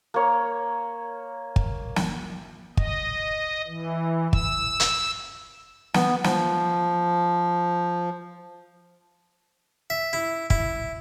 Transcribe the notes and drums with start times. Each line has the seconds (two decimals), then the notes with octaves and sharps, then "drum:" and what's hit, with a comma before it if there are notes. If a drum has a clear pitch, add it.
0.14 A#3 C#5
1.56 drum: kick
1.96 drum: snare
2.77 D#5, drum: kick
3.67 E3
4.33 E6, drum: kick
4.80 drum: hi-hat
5.94 B3, drum: snare
6.24 F3, drum: snare
9.90 E5
10.13 E4
10.50 E4, drum: kick